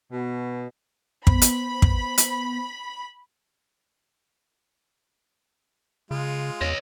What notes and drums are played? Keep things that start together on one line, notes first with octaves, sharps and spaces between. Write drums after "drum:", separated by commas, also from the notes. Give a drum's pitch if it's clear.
B2
B3 C5 B5, drum: kick
drum: hi-hat
drum: kick
drum: hi-hat
C#3 G#3 F4
E2 C#5 D#5